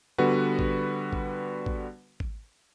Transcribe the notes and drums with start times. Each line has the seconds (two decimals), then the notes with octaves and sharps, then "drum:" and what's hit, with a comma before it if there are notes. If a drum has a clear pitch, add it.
0.18 D3 G3 B3 F#4 B4
0.59 drum: kick G#1
1.13 drum: kick G#1
1.66 drum: kick G#1
2.20 drum: kick G#1